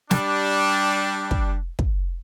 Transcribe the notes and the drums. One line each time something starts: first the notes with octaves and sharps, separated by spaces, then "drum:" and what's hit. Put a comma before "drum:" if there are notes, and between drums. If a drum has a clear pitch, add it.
G3 D4, drum: snare
drum: kick
drum: kick